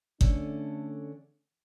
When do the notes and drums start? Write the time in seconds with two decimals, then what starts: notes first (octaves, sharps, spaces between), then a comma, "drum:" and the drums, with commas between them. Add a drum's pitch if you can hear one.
0.21 D3 A3 C#4 D4, drum: kick G1